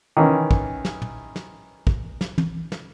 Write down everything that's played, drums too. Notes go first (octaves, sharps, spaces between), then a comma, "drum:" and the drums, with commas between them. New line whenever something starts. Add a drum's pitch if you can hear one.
D#3 E3 C#4
drum: kick
drum: snare
drum: tom
drum: snare
drum: kick
drum: snare
drum: tom
drum: snare